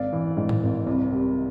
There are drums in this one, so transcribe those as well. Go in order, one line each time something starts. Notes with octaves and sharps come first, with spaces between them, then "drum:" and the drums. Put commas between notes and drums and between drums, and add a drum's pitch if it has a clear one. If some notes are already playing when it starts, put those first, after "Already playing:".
Already playing: G#1 D5 F5
E3
G#2
drum: tom A2
G#1
C2
C3